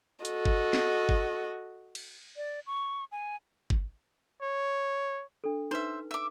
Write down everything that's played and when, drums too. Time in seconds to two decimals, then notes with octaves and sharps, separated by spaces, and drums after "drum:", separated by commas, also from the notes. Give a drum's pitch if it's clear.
0.25 F#4 A4 D#5, drum: hi-hat
0.45 drum: kick
0.73 drum: snare
1.09 drum: kick
1.95 drum: cymbal
2.37 D5
2.66 C#6
3.12 G#5
3.70 drum: kick
4.42 C#5
5.44 D4 A4
5.71 D#4 B4 C5 E5
6.11 E5 D6